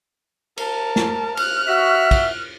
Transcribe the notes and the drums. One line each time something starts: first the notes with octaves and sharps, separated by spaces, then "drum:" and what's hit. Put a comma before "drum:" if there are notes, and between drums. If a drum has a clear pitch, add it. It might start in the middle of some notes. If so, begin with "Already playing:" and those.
A#4 A5, drum: cymbal
drum: snare
F6 F#6, drum: cymbal
F#4 E5
drum: kick, cymbal